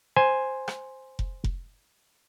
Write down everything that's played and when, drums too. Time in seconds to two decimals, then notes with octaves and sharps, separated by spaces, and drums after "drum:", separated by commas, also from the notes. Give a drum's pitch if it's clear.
0.16 C5 G#5
0.68 drum: rim click
1.19 drum: kick F1
1.44 drum: kick F1